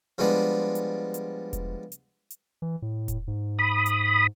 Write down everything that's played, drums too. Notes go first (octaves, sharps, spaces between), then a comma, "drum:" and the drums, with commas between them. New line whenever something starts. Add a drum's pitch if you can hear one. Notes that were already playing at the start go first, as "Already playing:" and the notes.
F3 G3 G#3 B3 D4
drum: hi-hat
drum: hi-hat
drum: kick E1, hi-hat
drum: hi-hat
drum: hi-hat
E3
A2
drum: kick E1, hi-hat
G#2
B5 D#6
drum: hi-hat